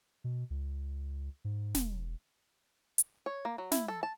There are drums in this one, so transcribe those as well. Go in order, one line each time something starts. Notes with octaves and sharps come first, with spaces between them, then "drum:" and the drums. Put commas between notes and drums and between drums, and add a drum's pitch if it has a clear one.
B2
C#2
G#2
E1, drum: snare
drum: hi-hat
C#5
A#3
F#3
E4, drum: snare
A4
A5